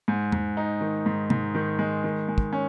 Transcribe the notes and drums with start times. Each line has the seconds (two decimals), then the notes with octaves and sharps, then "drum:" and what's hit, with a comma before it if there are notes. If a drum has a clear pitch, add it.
0.08 G#2
0.32 G#2, drum: tom E2
0.57 D#4
0.81 D#3
1.06 G#2
1.30 G#2, drum: tom C3
1.55 D#3
1.79 G#3
2.04 D#3
2.28 G#3
2.38 drum: kick
2.53 C#4